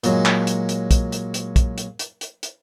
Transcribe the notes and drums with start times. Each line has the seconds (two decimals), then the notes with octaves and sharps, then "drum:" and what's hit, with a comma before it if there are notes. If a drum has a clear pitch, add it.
0.04 A#2 F#3 G#3, drum: hi-hat
0.25 drum: clap
0.47 drum: hi-hat
0.69 drum: hi-hat
0.91 drum: kick, hi-hat
1.12 drum: hi-hat
1.34 drum: hi-hat
1.56 drum: kick, hi-hat
1.78 drum: hi-hat
1.99 drum: hi-hat
2.21 drum: hi-hat
2.43 drum: hi-hat